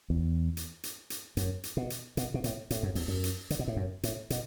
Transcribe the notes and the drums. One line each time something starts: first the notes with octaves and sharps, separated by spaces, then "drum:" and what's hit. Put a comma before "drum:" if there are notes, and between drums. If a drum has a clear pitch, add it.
E2
drum: hi-hat
drum: hi-hat
drum: hi-hat
F#2, drum: hi-hat
drum: hi-hat
B2
drum: hi-hat
B2, drum: hi-hat
B2
A2, drum: hi-hat
A2, drum: hi-hat
F#2
E2, drum: open hi-hat
F#2
drum: hi-hat
D3, drum: hi-hat
B2
A2
F#2
A2, drum: hi-hat
B2, drum: hi-hat